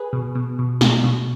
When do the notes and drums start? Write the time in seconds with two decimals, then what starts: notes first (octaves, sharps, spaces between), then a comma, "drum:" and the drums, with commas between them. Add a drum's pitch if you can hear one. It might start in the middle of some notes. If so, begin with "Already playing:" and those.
Already playing: G#4 B4
0.13 B2
0.35 B2
0.59 B2
0.81 B2, drum: snare
1.04 B2